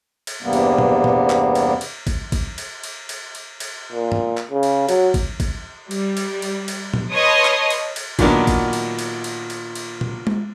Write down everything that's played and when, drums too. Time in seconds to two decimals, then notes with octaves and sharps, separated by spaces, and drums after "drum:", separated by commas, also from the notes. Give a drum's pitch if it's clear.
0.27 drum: cymbal
0.42 E2 G2 C3 G3 A#3 B3
0.53 drum: cymbal
0.78 drum: tom A#2
1.04 drum: tom A#2
1.30 drum: clap
1.55 drum: cymbal
1.81 drum: cymbal
2.07 drum: kick G1, cymbal
2.32 drum: kick G1, cymbal
2.58 drum: cymbal
2.84 drum: cymbal
3.09 drum: cymbal
3.35 drum: cymbal
3.60 drum: cymbal
3.92 A#2
4.12 drum: tom
4.37 drum: clap
4.51 C#3
4.63 drum: cymbal
4.89 F#3, drum: cymbal
5.14 drum: kick G1, cymbal
5.40 drum: kick G1, cymbal
5.91 G3, drum: cymbal
6.17 drum: cymbal
6.42 drum: cymbal
6.68 drum: cymbal
6.94 drum: tom A#2
7.13 B4 C#5 D#5 A5 C6 D#6
7.45 drum: clap
7.70 drum: cymbal
7.96 drum: cymbal
8.19 A#2 D#3 F#3 B3 D4 A#4, drum: kick G1, cymbal
8.47 drum: kick G1, cymbal
8.73 drum: cymbal
8.99 drum: cymbal
9.24 drum: cymbal
9.50 drum: cymbal
9.75 drum: cymbal
10.01 drum: tom A#2
10.27 drum: tom G#3